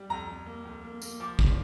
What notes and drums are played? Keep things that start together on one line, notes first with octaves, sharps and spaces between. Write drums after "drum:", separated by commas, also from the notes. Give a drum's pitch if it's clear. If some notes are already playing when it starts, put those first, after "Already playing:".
Already playing: G3
F2 A#5
F2
A#3
F2
A#3
A#3, drum: tambourine
F3 D6
F3, drum: kick